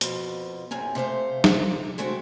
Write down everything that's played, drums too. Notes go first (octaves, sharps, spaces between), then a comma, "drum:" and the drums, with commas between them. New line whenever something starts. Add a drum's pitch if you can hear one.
F2 B2 F3, drum: hi-hat
F#2 A2 C3 G#5
C3 A3 C5 F5
drum: snare
G#3 A3 C4 F#4